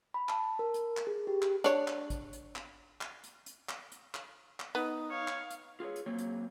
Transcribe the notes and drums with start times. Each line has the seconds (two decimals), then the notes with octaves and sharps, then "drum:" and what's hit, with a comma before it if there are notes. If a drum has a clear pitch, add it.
0.14 B5
0.29 A5, drum: clap
0.59 A#4
0.74 drum: hi-hat
0.97 drum: clap
1.07 G#4
1.27 G4
1.42 drum: clap
1.64 D4 C#5, drum: hi-hat
1.88 drum: clap
2.10 drum: kick, hi-hat
2.33 drum: hi-hat
2.56 drum: clap
3.01 drum: clap
3.24 drum: hi-hat
3.46 drum: hi-hat
3.69 drum: clap
3.92 drum: hi-hat
4.14 drum: clap
4.60 drum: clap
4.75 B3 D#4
5.11 C#5 F5
5.28 drum: clap
5.50 drum: hi-hat
5.80 F4 G#4 A4 C#5
5.96 drum: hi-hat
6.06 F#3 A#3 C4 C#5
6.18 drum: hi-hat